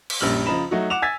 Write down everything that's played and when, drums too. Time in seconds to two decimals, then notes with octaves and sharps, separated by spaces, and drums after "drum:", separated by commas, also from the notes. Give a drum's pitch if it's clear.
0.10 drum: cymbal
0.20 A#1 F#2 G3 E6 F6 F#7
0.46 C#3 F3 D#5 A#5 B5 E7
0.71 F#3 A3 D#4 F#4
0.90 F#5 D6 E7 F7
1.02 G#5 E6 G#6 A6 B6